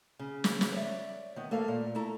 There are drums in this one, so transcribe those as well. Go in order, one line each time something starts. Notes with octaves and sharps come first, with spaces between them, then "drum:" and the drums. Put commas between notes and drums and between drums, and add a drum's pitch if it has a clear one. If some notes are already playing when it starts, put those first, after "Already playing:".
C#3
drum: snare
drum: snare
C#5 D5 E5
D#3 B3
A3 A#3 A4 F5
A#2
A3 E4 A4 A#5